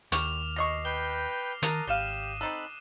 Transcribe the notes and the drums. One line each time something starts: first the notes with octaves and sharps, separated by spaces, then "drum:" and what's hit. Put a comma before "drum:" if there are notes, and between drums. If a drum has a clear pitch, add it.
D#2 D3 G4 C#6 D6 F6 F7, drum: hi-hat
B2 D#5 C#6 F6 A#6 C7
B4 G5 G6 C7 G7
D#3 A#4 A5 D#6 F#6 D#7, drum: hi-hat
G#1 G3 G4 F5 D#7 E7 G7
C4 D#4 A4 B5 F#6